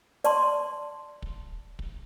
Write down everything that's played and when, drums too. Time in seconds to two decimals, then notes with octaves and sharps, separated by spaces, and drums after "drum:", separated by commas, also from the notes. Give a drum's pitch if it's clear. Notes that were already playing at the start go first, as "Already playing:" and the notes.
0.24 D5 A5 C6, drum: hi-hat
1.22 drum: kick
1.79 drum: kick